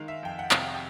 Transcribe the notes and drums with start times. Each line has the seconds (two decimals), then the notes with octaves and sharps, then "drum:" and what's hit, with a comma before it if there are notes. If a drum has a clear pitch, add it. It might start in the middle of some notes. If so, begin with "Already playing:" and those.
Already playing: D#3 G#3 F5
0.08 E5
0.23 F2 G5
0.39 F#5
0.51 C3 F5, drum: clap
0.74 G5